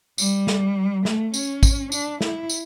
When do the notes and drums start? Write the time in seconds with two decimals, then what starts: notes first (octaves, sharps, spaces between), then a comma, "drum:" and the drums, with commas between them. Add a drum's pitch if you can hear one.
0.18 G3, drum: tambourine
0.47 drum: snare
1.05 A3, drum: snare
1.34 C#4, drum: tambourine
1.63 drum: kick, tambourine
1.92 D4, drum: tambourine
2.21 E4, drum: snare
2.49 drum: tambourine